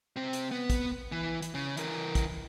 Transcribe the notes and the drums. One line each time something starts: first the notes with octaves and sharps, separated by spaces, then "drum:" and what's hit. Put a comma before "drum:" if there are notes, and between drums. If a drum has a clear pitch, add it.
C3 C4
drum: hi-hat
B3
drum: kick, hi-hat
E3
drum: hi-hat
C#3
E3 A#4, drum: hi-hat
drum: kick, hi-hat